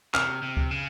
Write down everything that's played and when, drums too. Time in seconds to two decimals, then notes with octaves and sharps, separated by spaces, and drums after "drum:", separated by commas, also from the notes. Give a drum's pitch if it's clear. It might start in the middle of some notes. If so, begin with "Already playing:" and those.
0.14 C3 F6, drum: clap
0.42 C3
0.57 drum: kick C#2
0.71 C#3